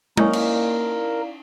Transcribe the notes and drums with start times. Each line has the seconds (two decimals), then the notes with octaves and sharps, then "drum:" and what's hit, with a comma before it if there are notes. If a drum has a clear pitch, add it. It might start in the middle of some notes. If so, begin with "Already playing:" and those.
0.17 A#3 C#4 D#4 E4 A#4 D5 F5, drum: tom G#3
0.33 drum: cymbal